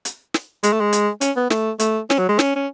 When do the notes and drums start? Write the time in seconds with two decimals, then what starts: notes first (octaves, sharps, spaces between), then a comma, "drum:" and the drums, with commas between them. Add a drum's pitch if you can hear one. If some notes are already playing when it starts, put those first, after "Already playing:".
0.05 drum: hi-hat
0.34 drum: snare
0.63 G#3, drum: hi-hat
0.73 A3
0.80 G#3
0.93 drum: hi-hat
1.21 C#4, drum: hi-hat
1.37 B3
1.50 A3, drum: snare
1.80 A3, drum: hi-hat
2.10 C#4, drum: snare
2.19 F#3
2.29 G#3
2.39 C#4, drum: snare
2.56 C#4